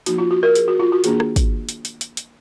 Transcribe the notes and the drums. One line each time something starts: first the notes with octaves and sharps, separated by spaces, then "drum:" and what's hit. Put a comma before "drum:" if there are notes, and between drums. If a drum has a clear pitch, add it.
F3 A#3 D#4 F#4, drum: hi-hat
F4
F#4
A#4
G#4, drum: hi-hat
F#4
F4
F#4
D#3 A#3 D4 G#4, drum: hi-hat
drum: rim click
drum: kick, hi-hat
drum: hi-hat
drum: hi-hat
drum: hi-hat
drum: hi-hat